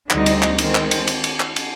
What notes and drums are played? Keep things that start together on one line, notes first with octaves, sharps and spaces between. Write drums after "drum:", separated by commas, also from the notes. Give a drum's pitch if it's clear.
D2 D3 G3 C4 D#4, drum: clap
drum: cymbal
drum: clap
D#3 G#3 C4, drum: cymbal
drum: clap
drum: cymbal
drum: cymbal
drum: cymbal
drum: clap
drum: cymbal